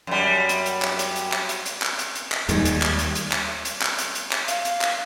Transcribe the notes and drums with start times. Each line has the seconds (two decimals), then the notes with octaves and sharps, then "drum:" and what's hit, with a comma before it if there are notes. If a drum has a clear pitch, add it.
0.07 F#2 G3
0.49 drum: hi-hat
0.66 drum: hi-hat
0.82 drum: clap
0.99 drum: hi-hat
1.16 drum: hi-hat
1.32 drum: clap
1.49 drum: hi-hat
1.66 drum: hi-hat
1.82 drum: clap
1.99 drum: hi-hat
2.15 drum: hi-hat
2.32 drum: clap
2.49 D#2 D#3 G3 G#3, drum: hi-hat
2.65 drum: hi-hat
2.82 drum: clap
2.99 drum: hi-hat
3.15 drum: hi-hat
3.32 drum: clap
3.65 drum: hi-hat
3.82 drum: clap
3.98 drum: hi-hat
4.15 drum: hi-hat
4.32 drum: clap
4.48 F5, drum: hi-hat
4.65 drum: hi-hat
4.82 drum: clap